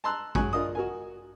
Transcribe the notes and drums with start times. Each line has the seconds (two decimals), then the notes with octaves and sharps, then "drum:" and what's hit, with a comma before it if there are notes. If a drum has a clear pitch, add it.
0.04 A5 A#5 C6 E6 F#6
0.35 F#3 G#3 G#5 C#6 F#6, drum: kick A1
0.53 F4 A#4 D5 D#5 D#6
0.75 F#4 A#4 G#5